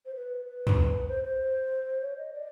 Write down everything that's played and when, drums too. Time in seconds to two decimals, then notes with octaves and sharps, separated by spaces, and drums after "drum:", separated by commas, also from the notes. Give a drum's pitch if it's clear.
0.06 C5
0.15 B4
0.46 B4
0.67 drum: tom
1.08 C5
1.24 C5
2.01 C#5
2.18 D#5
2.33 D5